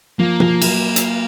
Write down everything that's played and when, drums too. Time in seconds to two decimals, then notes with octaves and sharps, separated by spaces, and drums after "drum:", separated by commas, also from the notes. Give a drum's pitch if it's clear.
0.19 F3 A#3
0.40 F3, drum: tom B2
0.62 F#3, drum: cymbal
0.96 drum: hi-hat